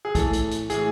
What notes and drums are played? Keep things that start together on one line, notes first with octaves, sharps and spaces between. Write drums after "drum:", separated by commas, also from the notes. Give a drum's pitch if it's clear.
G#4
A2 E3 A4, drum: kick, hi-hat
drum: hi-hat
drum: hi-hat
A2 E3 G#4, drum: hi-hat